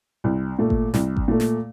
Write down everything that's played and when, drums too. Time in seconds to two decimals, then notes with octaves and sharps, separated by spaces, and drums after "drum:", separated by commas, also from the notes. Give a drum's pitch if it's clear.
0.24 C2
0.59 A#2 A3
0.70 drum: kick G#1
0.94 C2, drum: snare
1.17 drum: kick G#1
1.28 A#2 A3
1.40 drum: snare